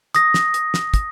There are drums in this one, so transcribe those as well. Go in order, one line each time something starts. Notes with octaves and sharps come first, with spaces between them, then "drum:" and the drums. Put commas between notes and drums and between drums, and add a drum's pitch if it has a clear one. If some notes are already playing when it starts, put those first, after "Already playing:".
D#6 A#6, drum: hi-hat
drum: snare
drum: hi-hat
drum: snare
drum: kick, hi-hat